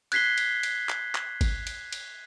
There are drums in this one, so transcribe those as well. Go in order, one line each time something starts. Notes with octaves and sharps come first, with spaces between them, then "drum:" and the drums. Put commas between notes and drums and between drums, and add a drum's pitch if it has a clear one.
F#6 G#6 B6 C7 G7, drum: cymbal
drum: cymbal
drum: cymbal
drum: clap
drum: clap
drum: kick G#1, cymbal
drum: cymbal
drum: cymbal